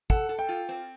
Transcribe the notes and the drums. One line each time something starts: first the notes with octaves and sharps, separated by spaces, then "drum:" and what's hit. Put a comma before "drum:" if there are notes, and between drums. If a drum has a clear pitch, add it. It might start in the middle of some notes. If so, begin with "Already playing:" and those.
A4 F#5, drum: kick
A4
G5
F4
C4